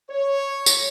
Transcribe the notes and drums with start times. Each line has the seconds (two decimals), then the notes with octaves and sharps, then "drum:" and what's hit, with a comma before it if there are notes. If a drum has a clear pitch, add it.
0.10 C#5
0.66 drum: tambourine